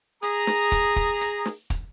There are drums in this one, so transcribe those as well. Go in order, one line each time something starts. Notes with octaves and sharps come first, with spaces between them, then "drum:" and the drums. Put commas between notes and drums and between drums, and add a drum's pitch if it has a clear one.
G#4 A#5, drum: hi-hat
drum: snare
drum: kick, hi-hat
drum: kick
drum: hi-hat
drum: snare
drum: kick, hi-hat